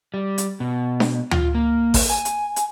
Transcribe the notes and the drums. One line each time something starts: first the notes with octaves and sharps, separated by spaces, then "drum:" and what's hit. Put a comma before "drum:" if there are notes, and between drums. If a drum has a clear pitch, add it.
G3
drum: hi-hat
B2
drum: snare D4
F4, drum: tom D2
A#3
drum: kick A1, open hi-hat
G#5
drum: hi-hat
drum: hi-hat